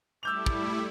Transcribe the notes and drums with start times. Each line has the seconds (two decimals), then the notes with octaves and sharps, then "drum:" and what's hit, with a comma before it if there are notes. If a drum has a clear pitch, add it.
0.23 G3 A3 E4 D6 E6 G6 F7
0.46 drum: kick